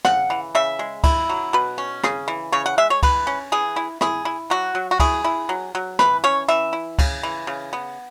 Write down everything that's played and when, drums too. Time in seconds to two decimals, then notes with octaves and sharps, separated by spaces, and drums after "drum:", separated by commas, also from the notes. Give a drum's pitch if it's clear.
0.05 C#3 F#5, drum: rim click
0.30 E3
0.55 C#3 E5
0.79 G#3
1.04 E4, drum: kick C#2, cymbal
1.30 F#3
1.53 B2 B4
1.78 C#4
2.04 C#3 G#4, drum: rim click
2.28 E3
2.52 C#3 C#5
2.66 F#5
2.78 G#3 E5
2.90 C#5
3.03 E3 B4, drum: kick C#2, cymbal
3.27 C#4
3.52 E3 G#4
3.76 E4
4.01 E4 G#4, drum: rim click
4.25 E4
4.50 F#3 F#4
4.75 F#3
4.91 F#4
5.00 E4 G#4, drum: kick C#2, cymbal
5.24 E4
5.49 F#3
5.75 F#3
5.99 E3 B4, drum: rim click
6.24 C#4 C#5
6.48 E3 E5
6.73 E4
6.99 C#3, drum: kick C#2, cymbal
7.23 E3
7.47 C#3
7.73 B3